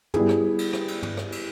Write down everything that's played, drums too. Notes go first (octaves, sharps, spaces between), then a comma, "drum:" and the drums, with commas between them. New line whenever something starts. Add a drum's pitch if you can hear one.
G3 B3 E4 G#4, drum: tom
drum: rim click
drum: cymbal
drum: rim click
drum: cymbal
drum: tom
drum: rim click
drum: cymbal